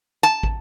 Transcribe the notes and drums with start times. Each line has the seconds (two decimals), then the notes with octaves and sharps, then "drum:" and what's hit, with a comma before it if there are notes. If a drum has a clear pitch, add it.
0.23 A5
0.43 drum: kick